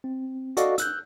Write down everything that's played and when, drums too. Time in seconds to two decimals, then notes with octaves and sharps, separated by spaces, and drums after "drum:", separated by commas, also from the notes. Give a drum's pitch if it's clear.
0.04 C4
0.57 F#4 A4 D5 D#5 F5, drum: hi-hat
0.78 E6 F#6 G6, drum: hi-hat